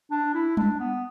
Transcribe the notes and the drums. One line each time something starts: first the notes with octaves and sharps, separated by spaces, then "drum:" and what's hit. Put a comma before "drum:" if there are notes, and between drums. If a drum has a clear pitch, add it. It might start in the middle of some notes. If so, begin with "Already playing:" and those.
D4
E4
D4, drum: tom G3
B3